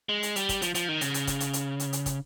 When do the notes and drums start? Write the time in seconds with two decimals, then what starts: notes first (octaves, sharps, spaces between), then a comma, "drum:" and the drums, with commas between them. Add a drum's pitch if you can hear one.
0.09 G#3
0.23 drum: hi-hat
0.36 G3, drum: hi-hat
0.49 drum: kick, hi-hat
0.62 F3, drum: hi-hat
0.75 F3, drum: hi-hat
0.89 D#3
1.01 C#3, drum: hi-hat
1.14 drum: hi-hat
1.27 drum: kick, hi-hat
1.40 drum: hi-hat
1.53 drum: hi-hat
1.80 drum: hi-hat
1.93 drum: hi-hat
2.06 drum: kick, hi-hat